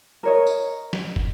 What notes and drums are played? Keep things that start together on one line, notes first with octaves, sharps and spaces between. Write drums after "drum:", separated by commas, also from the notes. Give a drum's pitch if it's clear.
A#4 C#5 D#5
drum: tambourine
drum: snare
drum: kick